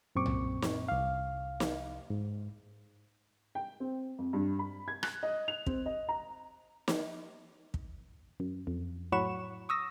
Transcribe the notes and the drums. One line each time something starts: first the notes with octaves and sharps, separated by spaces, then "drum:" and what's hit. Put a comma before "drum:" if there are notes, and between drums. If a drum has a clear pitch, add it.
F#2 A#2 C4 C#6 D6
drum: tom
drum: snare
C2 F5
drum: snare
G#2
G5
C4
F2
G2
B5
G#6
F#6, drum: rim click
D#5
F7
C4, drum: kick
D#5
A#5
drum: snare
drum: kick
F#2
F2
A2 F#3 F#5 B5 C#6 E7
C#6 D#6 E6 A#6